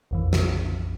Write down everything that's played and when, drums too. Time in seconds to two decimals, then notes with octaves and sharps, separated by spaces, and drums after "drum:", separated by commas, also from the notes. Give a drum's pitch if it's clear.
0.11 A#1 F2 E3
0.33 drum: snare